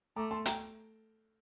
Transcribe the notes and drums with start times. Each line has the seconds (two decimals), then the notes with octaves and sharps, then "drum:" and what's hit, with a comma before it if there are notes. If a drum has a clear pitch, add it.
0.16 A3 A#5 D6
0.31 A5 C6
0.46 G5 A#5, drum: hi-hat